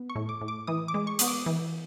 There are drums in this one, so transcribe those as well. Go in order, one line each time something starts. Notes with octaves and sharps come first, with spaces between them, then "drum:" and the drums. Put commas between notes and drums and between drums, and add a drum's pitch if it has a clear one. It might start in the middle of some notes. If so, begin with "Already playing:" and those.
Already playing: B3
C#6
A2
D6
A2
D6
E3 D#6
D6
G#3
C#6
B3 D#6, drum: hi-hat
D6
E3